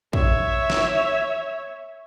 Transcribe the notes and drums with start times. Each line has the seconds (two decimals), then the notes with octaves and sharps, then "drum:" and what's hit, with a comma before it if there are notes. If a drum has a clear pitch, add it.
0.13 C#5 E5, drum: kick
0.70 drum: snare